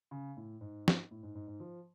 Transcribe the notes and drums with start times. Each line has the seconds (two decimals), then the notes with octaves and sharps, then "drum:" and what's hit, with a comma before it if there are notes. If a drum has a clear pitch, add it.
0.11 C#3
0.36 A2
0.61 G#2
0.88 drum: snare
1.11 A2
1.23 G#2
1.35 G#2
1.48 G#2
1.60 F3